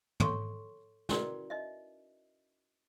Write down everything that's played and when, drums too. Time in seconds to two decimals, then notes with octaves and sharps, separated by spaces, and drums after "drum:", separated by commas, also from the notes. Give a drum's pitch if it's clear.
0.20 A4 C#5 C6 C#6, drum: tom
1.09 C#4 E4 F#4 A#4 B4 D5, drum: snare
1.50 D#4 D#5 E5